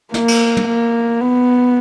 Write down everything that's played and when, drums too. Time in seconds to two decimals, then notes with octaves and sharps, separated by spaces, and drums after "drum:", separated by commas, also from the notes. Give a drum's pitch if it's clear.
0.14 A#3, drum: snare
0.28 drum: cymbal
0.57 drum: tom
0.68 A#3
1.21 B3